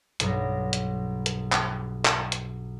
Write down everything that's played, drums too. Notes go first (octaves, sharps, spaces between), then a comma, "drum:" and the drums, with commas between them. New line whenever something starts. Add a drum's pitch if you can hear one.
B1 G2 A#5, drum: hi-hat
drum: hi-hat
drum: hi-hat
drum: clap
drum: clap
drum: hi-hat